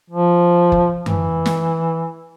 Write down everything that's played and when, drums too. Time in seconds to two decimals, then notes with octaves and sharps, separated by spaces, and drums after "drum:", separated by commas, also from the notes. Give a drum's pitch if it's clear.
0.10 F3
0.72 drum: kick
1.06 E3, drum: tom F#2
1.46 drum: snare